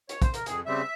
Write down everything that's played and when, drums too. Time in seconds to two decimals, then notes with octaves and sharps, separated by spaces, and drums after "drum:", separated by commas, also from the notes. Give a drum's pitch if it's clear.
0.09 C#5, drum: hi-hat
0.22 C5, drum: kick, hi-hat
0.34 A#4, drum: hi-hat
0.46 F2 G#4, drum: hi-hat
0.66 C#3 G3 C4 E5